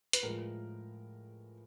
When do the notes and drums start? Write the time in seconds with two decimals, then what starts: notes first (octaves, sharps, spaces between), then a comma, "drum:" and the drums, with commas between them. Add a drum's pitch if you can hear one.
0.13 B4, drum: hi-hat
0.23 A2 F3 G#3 A#4